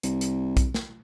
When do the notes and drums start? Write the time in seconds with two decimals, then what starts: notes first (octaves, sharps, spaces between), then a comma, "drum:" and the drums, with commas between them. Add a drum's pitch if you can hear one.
0.03 C2, drum: hi-hat
0.21 drum: hi-hat
0.57 drum: kick B1, hi-hat
0.74 drum: snare